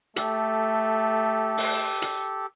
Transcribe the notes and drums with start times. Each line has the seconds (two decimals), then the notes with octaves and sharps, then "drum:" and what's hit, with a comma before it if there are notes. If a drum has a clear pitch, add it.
0.16 A3 G4 A4, drum: hi-hat
1.58 drum: open hi-hat
2.02 drum: hi-hat